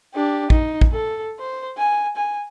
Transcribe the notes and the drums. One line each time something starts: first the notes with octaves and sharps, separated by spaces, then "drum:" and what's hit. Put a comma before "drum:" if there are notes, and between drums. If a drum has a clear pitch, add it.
D4 G4
D#4, drum: kick
drum: kick
A4
C5
G#5
G#5